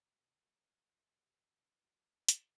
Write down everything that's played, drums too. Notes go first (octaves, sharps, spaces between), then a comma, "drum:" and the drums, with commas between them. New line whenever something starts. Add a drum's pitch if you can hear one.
B2 D#3 D4 D#5
F3 F#3 A3 A#3
C3 F#3
F#3
drum: hi-hat